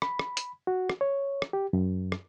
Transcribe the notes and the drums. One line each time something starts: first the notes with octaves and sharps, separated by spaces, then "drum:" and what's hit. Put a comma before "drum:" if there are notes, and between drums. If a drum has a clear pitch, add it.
B5, drum: rim click
drum: rim click
drum: hi-hat
F#4
drum: rim click
C#5
drum: rim click
G4
F#2
drum: rim click